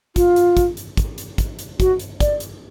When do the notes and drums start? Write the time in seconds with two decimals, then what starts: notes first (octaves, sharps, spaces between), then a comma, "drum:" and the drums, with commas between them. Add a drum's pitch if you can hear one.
0.16 F4, drum: kick, hi-hat
0.36 drum: hi-hat
0.57 drum: kick, hi-hat
0.77 drum: hi-hat
0.97 drum: kick, hi-hat
1.18 drum: hi-hat
1.38 drum: kick, hi-hat
1.59 drum: hi-hat
1.80 F#4, drum: kick, hi-hat
1.99 drum: hi-hat
2.20 D5, drum: kick, hi-hat
2.40 drum: hi-hat